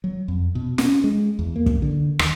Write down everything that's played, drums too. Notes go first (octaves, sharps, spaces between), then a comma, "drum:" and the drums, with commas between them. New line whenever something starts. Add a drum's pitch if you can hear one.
F#3
F2
B2
C#4, drum: snare
G#3
E2
A#3
drum: kick
D3
D#2, drum: rim click